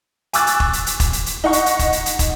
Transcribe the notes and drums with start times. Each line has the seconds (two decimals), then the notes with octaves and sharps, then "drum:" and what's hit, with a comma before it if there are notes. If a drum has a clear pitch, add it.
0.33 G#5 C#6 D6 E6 F#6 A6, drum: hi-hat
0.47 drum: hi-hat
0.60 drum: kick
0.73 drum: hi-hat
0.86 drum: hi-hat
1.00 drum: kick, hi-hat
1.13 drum: hi-hat
1.26 drum: hi-hat
1.44 D#4 D#5 F#5 C#6
1.53 drum: hi-hat
1.66 drum: hi-hat
1.79 drum: kick, hi-hat
1.93 drum: hi-hat
2.06 drum: hi-hat
2.19 drum: kick, hi-hat